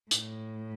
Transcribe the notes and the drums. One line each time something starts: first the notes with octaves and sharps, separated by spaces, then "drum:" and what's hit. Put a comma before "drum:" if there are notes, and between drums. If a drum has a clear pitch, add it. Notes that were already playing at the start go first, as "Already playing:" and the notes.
A2, drum: hi-hat